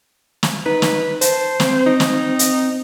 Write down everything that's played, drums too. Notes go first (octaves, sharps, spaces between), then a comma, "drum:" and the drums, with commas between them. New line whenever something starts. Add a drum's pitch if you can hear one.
drum: snare
D#4 B4
drum: snare
C5 A5, drum: hi-hat
C4, drum: snare
D#4
drum: snare
drum: hi-hat